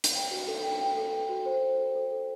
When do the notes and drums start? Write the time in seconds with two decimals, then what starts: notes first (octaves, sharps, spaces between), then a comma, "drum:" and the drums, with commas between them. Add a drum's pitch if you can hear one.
0.04 drum: hi-hat
0.15 G5
0.31 F#4
0.48 A4
0.64 G5
0.81 G5
0.97 A4
1.13 G5
1.29 F#4
1.46 C5
1.63 C5
1.79 A4
1.95 A4
2.12 A4